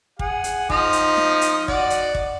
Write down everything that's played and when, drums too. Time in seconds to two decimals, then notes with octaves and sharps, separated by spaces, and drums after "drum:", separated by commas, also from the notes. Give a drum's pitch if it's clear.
0.19 G#4 F#5, drum: kick
0.44 drum: hi-hat
0.70 F3 D#4, drum: kick
0.93 drum: hi-hat
1.17 drum: snare
1.41 drum: hi-hat
1.68 F#4 D5 F#5, drum: kick
1.90 drum: hi-hat
2.15 drum: kick